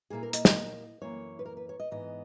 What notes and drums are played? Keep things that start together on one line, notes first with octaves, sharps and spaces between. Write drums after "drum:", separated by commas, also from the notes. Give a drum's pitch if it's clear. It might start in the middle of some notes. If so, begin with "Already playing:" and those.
A#2 A#3 E4 G#4
A#4
D#5, drum: hi-hat
D#5, drum: snare
F#2 E3 A#3 C#5
B4
A#4
B4
C#5
D#5
G#2 E3 B3 D#5